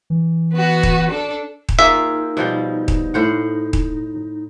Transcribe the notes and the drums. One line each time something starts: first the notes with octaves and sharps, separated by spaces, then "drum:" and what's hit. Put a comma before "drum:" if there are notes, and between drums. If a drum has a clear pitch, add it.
E3
B3 F#4
drum: kick D#1
D4 A4
drum: kick D#1
A#3 D#4 F4 G#4 E5
B2 F3 G3
drum: kick D#1
A2 C5 F#5
drum: kick D#1